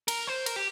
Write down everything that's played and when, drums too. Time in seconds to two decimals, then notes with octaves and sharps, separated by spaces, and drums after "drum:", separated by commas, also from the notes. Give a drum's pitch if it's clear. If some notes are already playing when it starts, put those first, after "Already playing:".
0.08 A#4, drum: cymbal
0.28 C5
0.46 A#4, drum: cymbal
0.56 G4